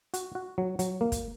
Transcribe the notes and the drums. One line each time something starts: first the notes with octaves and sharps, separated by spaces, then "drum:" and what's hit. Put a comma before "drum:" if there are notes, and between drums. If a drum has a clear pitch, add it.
F#4, drum: hi-hat
F#4
F#3
F#3, drum: hi-hat
A#3
drum: kick, hi-hat